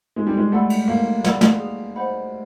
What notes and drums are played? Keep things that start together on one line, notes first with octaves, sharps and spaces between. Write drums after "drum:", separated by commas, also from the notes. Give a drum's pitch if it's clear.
G#3 A4
G3
G#3
A3 D5 F#5 B5 E6
drum: cymbal
A#3 A4
D5 F#5 B5 E6, drum: snare
drum: snare
G#4
C5 D#5 F#5 B5